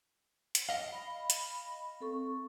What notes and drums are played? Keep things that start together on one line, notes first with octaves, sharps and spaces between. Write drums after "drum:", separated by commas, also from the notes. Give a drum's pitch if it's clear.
drum: hi-hat
D#5 F5
B5
drum: hi-hat
C4 A4 C#6